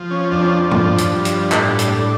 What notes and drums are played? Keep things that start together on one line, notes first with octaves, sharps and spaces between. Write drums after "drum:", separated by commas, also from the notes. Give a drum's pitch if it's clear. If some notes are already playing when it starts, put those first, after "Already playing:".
Already playing: F3
C#4
F2 D4
C#4
D4
F3, drum: tom G2
drum: hi-hat
G2
drum: hi-hat
A2, drum: clap
drum: hi-hat
A2